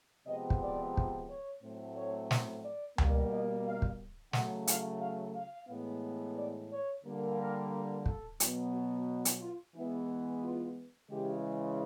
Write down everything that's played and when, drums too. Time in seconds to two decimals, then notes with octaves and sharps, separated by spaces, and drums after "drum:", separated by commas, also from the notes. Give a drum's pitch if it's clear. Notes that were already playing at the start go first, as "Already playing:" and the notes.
0.27 C3 F3 G#3 B3 D#5
0.50 drum: kick
0.61 D5
0.97 drum: kick
1.29 C#5
1.62 A2 F#3 A3 C4
1.97 C#5
2.31 drum: snare
2.64 D5
2.98 B2 G3 A#3, drum: tom C#2
3.32 D#5
3.66 F5
3.82 drum: kick
4.33 C#3 F#3 A3 F#5, drum: snare
4.67 F5, drum: hi-hat
5.01 F5
5.35 F5
5.69 A2 E3 G#3 B3
6.37 D5
6.71 C#5
7.04 D3 G3 A#3
7.38 A#4
8.06 A4, drum: kick
8.40 B2 F#3 B3, drum: hi-hat
8.74 F#4
9.25 drum: hi-hat
9.42 F4
9.75 E3 G#3 B3 E4
10.43 F4
11.11 C#3 E3 G#3 G4